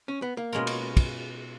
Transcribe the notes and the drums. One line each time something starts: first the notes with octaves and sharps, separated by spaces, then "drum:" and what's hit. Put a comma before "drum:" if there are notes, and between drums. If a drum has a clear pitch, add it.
C#4
B3
A#3
B2 G#3 C#4 F4 A#4
drum: cymbal
drum: kick, cymbal